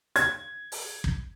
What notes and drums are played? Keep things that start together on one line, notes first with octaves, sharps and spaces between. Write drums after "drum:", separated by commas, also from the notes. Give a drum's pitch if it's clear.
G#6, drum: hi-hat
drum: open hi-hat
drum: kick